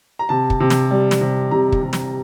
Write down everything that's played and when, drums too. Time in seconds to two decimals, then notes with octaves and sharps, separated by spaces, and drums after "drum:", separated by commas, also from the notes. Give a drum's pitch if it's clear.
0.19 A#5
0.29 C3 A5
0.50 drum: kick
0.60 C3
0.70 drum: snare
0.91 G3
1.11 drum: snare
1.21 C3
1.51 C3 A#5
1.72 drum: kick
1.82 C3
1.93 drum: snare